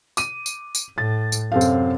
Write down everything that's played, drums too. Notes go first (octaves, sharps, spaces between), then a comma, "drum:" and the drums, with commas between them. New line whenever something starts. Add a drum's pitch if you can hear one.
D6 D#7, drum: tambourine
drum: tambourine
drum: tambourine
A2 A6
drum: tambourine
F#2 C3 C4 A4 F5
drum: tambourine